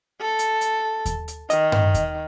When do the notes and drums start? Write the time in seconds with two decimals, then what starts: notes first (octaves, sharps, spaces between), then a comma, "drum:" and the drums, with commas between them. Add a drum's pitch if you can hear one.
0.21 A4
0.39 drum: hi-hat
0.61 drum: hi-hat
1.05 drum: kick D#2, hi-hat
1.28 drum: hi-hat
1.50 D#3 D#5, drum: hi-hat
1.72 drum: tom G2
1.94 drum: kick D#2, hi-hat